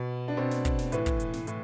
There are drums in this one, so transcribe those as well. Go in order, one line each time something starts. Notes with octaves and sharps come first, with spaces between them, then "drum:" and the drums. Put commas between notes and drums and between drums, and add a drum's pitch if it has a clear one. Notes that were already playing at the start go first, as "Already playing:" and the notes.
Already playing: B2
D4
B2 C4
drum: snare
drum: kick, hi-hat
drum: snare
A2 E3 B4, drum: hi-hat
drum: kick, hi-hat
drum: hi-hat
drum: snare
A2, drum: hi-hat